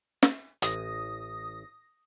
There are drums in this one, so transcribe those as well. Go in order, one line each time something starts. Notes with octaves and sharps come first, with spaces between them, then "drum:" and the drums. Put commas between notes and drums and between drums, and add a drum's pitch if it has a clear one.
drum: snare
A1 D#6 A#6, drum: hi-hat